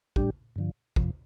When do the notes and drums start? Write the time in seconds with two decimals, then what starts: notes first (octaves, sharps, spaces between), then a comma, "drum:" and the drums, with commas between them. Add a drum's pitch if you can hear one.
0.16 A2 G3 D4 G4, drum: kick
0.56 G2 D3 F3
0.96 F2 C3 F3, drum: kick